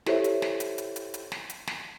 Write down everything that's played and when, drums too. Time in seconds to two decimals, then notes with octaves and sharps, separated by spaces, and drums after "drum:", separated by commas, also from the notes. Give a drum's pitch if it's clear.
0.06 E4 G4 A4 C5 C#5 E5, drum: snare
0.24 drum: hi-hat
0.42 drum: snare
0.60 drum: hi-hat
0.78 drum: hi-hat
0.96 drum: hi-hat
1.14 drum: hi-hat
1.32 drum: snare
1.50 drum: hi-hat
1.67 drum: snare